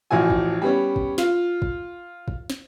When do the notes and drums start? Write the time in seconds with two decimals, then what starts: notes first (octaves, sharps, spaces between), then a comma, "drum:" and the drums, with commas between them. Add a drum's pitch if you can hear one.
0.11 A1 A2 F3 F#4 G#5
0.30 drum: kick
0.62 G3 B3 C#4
0.96 drum: kick
1.18 F4, drum: snare
1.62 drum: kick
2.28 drum: kick
2.50 drum: snare